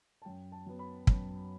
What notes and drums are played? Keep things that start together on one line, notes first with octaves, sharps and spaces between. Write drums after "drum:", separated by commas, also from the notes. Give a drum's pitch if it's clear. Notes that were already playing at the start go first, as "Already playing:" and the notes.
A5
F#2 G5
A5
F#3 B3
B5
F#2, drum: kick